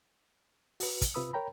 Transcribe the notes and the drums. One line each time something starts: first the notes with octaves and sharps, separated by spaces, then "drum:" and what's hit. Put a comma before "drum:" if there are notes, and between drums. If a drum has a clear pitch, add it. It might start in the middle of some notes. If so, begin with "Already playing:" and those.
F#4 B4, drum: open hi-hat
drum: kick, hi-hat
C3 F4 B4 B5 D#6 E6
A#4 C#5 G5 A#5 B5